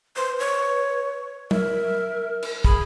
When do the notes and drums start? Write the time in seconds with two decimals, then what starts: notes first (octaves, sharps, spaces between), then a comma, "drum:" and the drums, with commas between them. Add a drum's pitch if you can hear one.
0.16 B4 C5
0.39 C#5
1.51 A#4 E5, drum: tom
2.42 drum: cymbal
2.64 G#4 B5, drum: kick